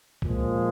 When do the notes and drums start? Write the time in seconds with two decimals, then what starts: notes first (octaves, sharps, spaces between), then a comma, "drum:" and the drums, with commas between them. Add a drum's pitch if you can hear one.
0.22 A#2 F3 G#3, drum: kick C2